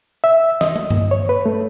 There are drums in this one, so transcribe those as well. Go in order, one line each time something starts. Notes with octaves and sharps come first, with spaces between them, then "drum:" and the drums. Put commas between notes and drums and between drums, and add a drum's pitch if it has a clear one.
E5
D#5, drum: snare
drum: tom
drum: tom G2
C#5
B4
A3